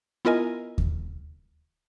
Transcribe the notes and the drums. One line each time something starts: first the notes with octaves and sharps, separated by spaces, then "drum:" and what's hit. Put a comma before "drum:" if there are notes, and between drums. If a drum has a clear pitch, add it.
B3 E4 F4 A#4 D#5 G#5
drum: kick D#2